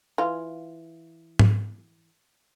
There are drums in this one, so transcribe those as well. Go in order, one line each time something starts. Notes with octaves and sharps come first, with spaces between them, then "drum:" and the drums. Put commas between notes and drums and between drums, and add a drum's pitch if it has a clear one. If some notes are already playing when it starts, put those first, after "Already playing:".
E3 F4
drum: tom G#2